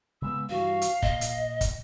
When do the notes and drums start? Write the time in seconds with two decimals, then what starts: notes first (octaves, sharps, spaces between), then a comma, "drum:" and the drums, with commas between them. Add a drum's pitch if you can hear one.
0.22 C#3 G#3 B3 E6
0.49 G2 E3 F#4 F5
0.82 drum: hi-hat
1.02 A#2 D#5, drum: kick
1.21 drum: hi-hat
1.61 drum: kick, hi-hat